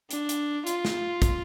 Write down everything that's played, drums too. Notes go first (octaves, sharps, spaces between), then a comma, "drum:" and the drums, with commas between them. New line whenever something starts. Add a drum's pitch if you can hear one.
D4, drum: hi-hat
drum: hi-hat
F4, drum: hi-hat
drum: snare
drum: kick, hi-hat